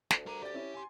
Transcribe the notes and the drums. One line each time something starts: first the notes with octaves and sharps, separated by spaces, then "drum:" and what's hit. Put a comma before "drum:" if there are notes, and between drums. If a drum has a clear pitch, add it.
D2, drum: snare
G3 A#4 A#5 D6 D#7
G4 D5 D6 A6
C#4 E4
G#5 C6